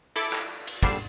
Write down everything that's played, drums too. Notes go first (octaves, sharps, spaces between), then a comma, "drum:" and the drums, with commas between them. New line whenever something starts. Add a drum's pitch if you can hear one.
E4 A4 D6, drum: cymbal
drum: clap
drum: cymbal
A#1 D3 G3 E6 C7, drum: kick, cymbal